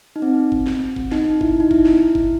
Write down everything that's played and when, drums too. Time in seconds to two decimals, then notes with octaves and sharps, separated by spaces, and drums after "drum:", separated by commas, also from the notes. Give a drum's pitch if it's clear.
0.16 D#4
0.22 C4
0.52 drum: kick
0.67 drum: snare
0.96 drum: kick
1.12 D#4, drum: snare
1.41 E4, drum: kick
1.60 D#4
1.71 E4, drum: kick
1.85 drum: snare
2.15 drum: kick